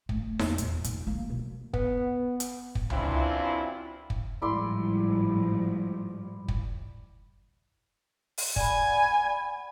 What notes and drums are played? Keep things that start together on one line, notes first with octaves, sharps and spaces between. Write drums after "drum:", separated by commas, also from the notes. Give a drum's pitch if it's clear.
A3, drum: kick
E2, drum: snare D#4
A#2, drum: hi-hat
A#2, drum: hi-hat
A#3
B2
B3, drum: kick
drum: hi-hat
drum: kick
F#2 E3 C4 D4 E4 F4, drum: tom C#2
drum: kick
A1 G#2 F3 G3 E4 D5 C6
drum: kick
drum: open hi-hat
D5 F#5 G#5 B5, drum: kick